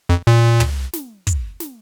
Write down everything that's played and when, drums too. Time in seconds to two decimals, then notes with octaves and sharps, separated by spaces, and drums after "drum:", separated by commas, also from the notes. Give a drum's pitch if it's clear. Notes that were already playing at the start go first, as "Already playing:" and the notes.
0.09 F2
0.27 A#2
0.60 drum: tom
0.93 drum: snare
1.27 drum: kick, hi-hat
1.60 drum: snare